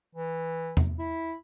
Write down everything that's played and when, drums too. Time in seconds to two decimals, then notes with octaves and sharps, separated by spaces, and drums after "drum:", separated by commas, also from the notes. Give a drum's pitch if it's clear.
0.15 E3
0.77 drum: tom E2
0.99 E4